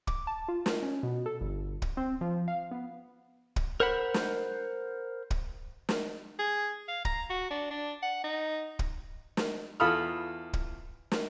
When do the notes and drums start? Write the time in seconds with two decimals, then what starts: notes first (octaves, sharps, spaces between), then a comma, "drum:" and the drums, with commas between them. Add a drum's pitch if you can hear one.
0.07 D6, drum: kick
0.27 A5
0.48 F4
0.66 drum: snare
0.83 C#4
1.03 B2
1.26 A4
1.41 G1
1.82 drum: kick
1.97 C4
2.21 F3
2.48 F5
2.71 B3
3.56 drum: kick
3.80 A#4 C5 F#5 B5
4.14 drum: snare
5.30 drum: kick
5.89 drum: snare
6.39 G#4
6.88 F5
7.05 A#5, drum: kick
7.30 F#4
7.50 D4
7.71 D4
8.02 F#5
8.24 D#4
8.79 drum: kick
9.37 drum: snare
9.80 E2 F4 A4 B5 D#6 F6
10.53 drum: kick
11.11 drum: snare